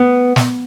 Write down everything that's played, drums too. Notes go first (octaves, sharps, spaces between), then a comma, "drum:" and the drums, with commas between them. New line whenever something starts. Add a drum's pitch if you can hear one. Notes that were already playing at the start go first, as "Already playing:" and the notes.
Already playing: B3
drum: snare